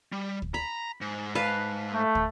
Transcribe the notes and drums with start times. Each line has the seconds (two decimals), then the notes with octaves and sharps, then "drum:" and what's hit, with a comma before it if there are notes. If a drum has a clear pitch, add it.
0.12 G3
0.42 drum: kick
0.54 A#5 B5
1.01 G#2
1.35 B4 F5 A5
1.94 A3
2.15 drum: kick